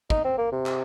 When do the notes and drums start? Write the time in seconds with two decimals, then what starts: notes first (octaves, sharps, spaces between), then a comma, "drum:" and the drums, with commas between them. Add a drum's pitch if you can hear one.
0.10 D#4, drum: kick
0.24 C4
0.38 A#3
0.52 C3
0.66 drum: clap